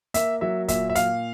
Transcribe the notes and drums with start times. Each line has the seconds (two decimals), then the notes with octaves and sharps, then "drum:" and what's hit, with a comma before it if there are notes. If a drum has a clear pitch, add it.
0.14 A#3 E5, drum: hi-hat
0.41 F#3 E5
0.68 A#2 E5, drum: kick, hi-hat
0.90 E5
0.95 A#2 F5, drum: hi-hat